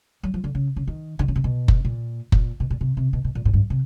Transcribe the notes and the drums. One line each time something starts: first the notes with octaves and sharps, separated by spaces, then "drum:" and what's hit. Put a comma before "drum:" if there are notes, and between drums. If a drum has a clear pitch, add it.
F#3
F3
D3
C#3
C#3
D#3
D3
C#3
C3
B2
drum: kick F#1
A#2
A#2, drum: kick F#1
B2
A#2
C3
C3
B2
B2
A#2
A2
G2
C3